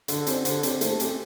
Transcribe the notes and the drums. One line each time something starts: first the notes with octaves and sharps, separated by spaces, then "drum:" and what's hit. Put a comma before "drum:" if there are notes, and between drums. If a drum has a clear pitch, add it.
D3, drum: hi-hat
C4 G4 C5, drum: hi-hat
D3, drum: hi-hat
C4 G4 C5, drum: hi-hat
A3, drum: hi-hat
C4 G4, drum: hi-hat